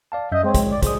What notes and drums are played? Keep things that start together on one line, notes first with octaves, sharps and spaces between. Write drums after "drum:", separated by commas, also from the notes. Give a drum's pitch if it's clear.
D5 F5 A5
F#2 D#5 E5 G6
G#3 C4 C#5
drum: kick, hi-hat
D5
G#3 C5 D#6, drum: kick, hi-hat